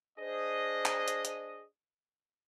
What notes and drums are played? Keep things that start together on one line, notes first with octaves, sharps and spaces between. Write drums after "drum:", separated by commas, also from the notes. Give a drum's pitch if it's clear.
D4 G#4 C5 D#5
drum: clap
drum: hi-hat
drum: hi-hat